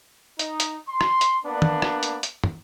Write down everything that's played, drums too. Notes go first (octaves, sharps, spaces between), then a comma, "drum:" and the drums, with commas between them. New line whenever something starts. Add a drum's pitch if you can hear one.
D#4, drum: hi-hat
drum: hi-hat
C6
drum: rim click
drum: hi-hat
A#3 B3 D4
drum: tom
drum: rim click
drum: hi-hat
drum: hi-hat
drum: tom